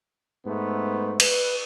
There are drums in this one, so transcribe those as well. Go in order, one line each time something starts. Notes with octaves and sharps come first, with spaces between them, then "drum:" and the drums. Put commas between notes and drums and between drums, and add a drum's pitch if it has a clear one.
G#2 A3 B3
B4, drum: cymbal